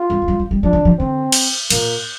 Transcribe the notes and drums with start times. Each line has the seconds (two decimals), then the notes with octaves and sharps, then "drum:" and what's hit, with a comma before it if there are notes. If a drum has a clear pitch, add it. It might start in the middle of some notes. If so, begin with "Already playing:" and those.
Already playing: F4
0.10 G3
0.22 F3
0.28 G3
0.40 G3
0.51 G3
0.63 F3 D4
0.73 D3
0.85 F3
0.99 D3 C4
1.32 drum: cymbal
1.70 A#2 A#3, drum: cymbal